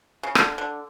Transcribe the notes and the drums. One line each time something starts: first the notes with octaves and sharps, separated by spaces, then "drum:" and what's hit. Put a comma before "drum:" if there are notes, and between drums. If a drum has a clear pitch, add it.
C#3
D3, drum: rim click
D3